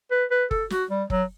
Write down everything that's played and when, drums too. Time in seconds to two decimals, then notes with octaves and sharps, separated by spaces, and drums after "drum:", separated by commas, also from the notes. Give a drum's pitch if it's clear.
0.11 B4
0.31 B4
0.51 A4, drum: kick F#1
0.70 F#4, drum: snare
0.90 G3
1.10 F#3, drum: kick F#1